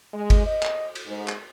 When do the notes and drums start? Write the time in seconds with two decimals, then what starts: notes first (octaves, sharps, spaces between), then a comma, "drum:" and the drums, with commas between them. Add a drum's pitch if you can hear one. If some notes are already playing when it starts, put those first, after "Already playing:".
0.14 G#3
0.30 drum: kick G1, cymbal
0.45 D#5
0.63 drum: clap
0.95 drum: cymbal
1.06 G#2
1.28 drum: clap